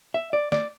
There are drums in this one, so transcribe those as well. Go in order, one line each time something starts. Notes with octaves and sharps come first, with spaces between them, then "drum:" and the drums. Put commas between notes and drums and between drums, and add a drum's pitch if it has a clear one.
E5
D5
D5, drum: snare